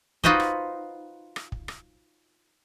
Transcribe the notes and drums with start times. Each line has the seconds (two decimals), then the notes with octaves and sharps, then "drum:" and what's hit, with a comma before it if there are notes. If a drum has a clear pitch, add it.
0.24 D#4 F4 F#4 B4 C5 D#5, drum: kick
0.40 drum: rim click
1.36 drum: rim click
1.52 drum: kick
1.68 drum: rim click